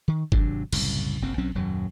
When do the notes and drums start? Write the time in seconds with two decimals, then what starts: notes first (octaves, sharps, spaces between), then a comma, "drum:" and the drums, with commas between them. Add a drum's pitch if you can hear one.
0.08 D#3
0.32 G#1 C3 F#3 D4, drum: kick G1
0.73 F#1 C2 A2 C#3, drum: cymbal
1.22 F1 A#1 F#2 C4
1.38 B1 F#3 C4 C#4
1.55 D#1 F#2 F#3